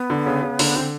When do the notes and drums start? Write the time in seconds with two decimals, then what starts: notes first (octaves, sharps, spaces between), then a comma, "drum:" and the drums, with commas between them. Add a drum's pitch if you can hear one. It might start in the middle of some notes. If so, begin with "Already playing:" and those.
Already playing: B3
0.10 D3
0.26 C#3
0.43 C#3
0.59 D3 A#3, drum: open hi-hat
0.67 B3
0.76 D3 C4